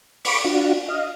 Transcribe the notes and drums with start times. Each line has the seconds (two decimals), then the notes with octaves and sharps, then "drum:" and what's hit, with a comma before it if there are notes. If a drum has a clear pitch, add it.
0.25 B5 C#6 D6, drum: open hi-hat
0.44 D4 F4 F#4
0.88 D#5 F5